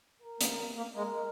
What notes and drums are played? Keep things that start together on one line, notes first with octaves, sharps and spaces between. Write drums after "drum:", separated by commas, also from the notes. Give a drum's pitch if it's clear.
A#4
A#3, drum: hi-hat
A#3
G#3 A#4